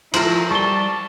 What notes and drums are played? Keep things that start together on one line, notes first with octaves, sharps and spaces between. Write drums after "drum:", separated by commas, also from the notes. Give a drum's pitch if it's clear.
F3 E4 A#4 C5 F#7, drum: cymbal
G3 A5 C#6 G7